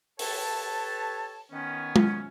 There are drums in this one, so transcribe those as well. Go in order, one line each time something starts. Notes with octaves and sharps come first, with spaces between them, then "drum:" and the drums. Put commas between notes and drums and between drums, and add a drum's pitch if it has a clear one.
G4 A4 B4 C#5 A5, drum: open hi-hat
D#3 B3 C#4
drum: tom G#3